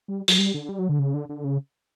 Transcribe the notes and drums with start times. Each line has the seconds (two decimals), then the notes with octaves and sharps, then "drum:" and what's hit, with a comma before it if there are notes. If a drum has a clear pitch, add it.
0.08 G3
0.28 F#3, drum: open hi-hat
0.38 G3
0.54 D3
0.69 G3
0.79 F#3
0.89 D3
0.99 C#3
1.14 D3
1.29 D3
1.44 C#3